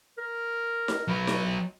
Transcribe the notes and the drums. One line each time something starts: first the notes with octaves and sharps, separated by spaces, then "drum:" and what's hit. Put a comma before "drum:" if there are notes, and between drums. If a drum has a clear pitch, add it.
A#4
drum: snare D#4
F#3 B4
drum: snare D#4